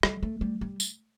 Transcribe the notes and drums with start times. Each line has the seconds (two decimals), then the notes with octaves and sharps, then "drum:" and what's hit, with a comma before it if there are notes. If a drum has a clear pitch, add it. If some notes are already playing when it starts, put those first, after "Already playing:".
0.03 G3, drum: rim click
0.23 A3
0.41 G3
0.61 G3
0.80 drum: tambourine